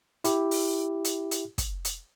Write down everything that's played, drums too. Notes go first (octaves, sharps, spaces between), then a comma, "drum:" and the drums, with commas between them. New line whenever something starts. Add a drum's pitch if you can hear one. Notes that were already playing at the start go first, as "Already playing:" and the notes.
E4 G4, drum: hi-hat
drum: open hi-hat
drum: hi-hat
drum: hi-hat
drum: kick, hi-hat
drum: hi-hat